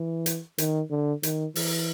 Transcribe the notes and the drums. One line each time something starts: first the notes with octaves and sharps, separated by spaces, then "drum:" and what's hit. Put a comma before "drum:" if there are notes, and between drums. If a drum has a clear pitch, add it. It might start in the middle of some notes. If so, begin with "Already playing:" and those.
Already playing: E3
drum: hi-hat
D#3, drum: hi-hat
D3
D#3, drum: hi-hat
E3, drum: open hi-hat